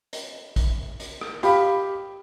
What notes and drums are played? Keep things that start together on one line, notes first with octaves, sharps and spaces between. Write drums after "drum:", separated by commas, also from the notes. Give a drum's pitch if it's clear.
drum: hi-hat
drum: kick A#1, hi-hat
drum: hi-hat
drum: rim click
G4 F5 B5, drum: hi-hat